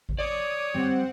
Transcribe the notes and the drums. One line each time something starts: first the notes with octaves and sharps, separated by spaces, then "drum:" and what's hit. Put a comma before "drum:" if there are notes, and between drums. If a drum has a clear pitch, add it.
drum: kick G#1
C#5 D5 D6 D#6
G3 C4 F#5, drum: tom F#2